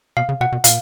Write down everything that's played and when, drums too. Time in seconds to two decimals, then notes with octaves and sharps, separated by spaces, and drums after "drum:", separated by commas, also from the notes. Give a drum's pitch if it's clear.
0.17 B2 F5
0.29 C#3
0.41 B2 F#5
0.52 B2
0.64 A#2 F5, drum: hi-hat